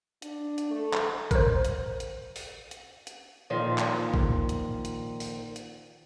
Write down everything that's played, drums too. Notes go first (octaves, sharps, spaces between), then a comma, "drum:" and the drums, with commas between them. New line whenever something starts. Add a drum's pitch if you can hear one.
D4, drum: hi-hat
drum: hi-hat
A3
drum: clap
A#4 C5, drum: kick, hi-hat
drum: hi-hat
drum: hi-hat
drum: open hi-hat
drum: hi-hat
drum: hi-hat
A#2 D#3 F3
drum: clap
drum: kick
drum: hi-hat
drum: hi-hat
drum: open hi-hat
drum: hi-hat